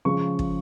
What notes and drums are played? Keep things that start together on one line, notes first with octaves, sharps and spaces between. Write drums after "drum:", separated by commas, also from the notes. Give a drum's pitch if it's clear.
C#3 F3 G#3 C#6
drum: kick